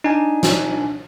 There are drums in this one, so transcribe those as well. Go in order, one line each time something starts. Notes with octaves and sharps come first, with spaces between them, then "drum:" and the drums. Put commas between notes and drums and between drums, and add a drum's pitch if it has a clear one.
D4 D#4 G#5
drum: snare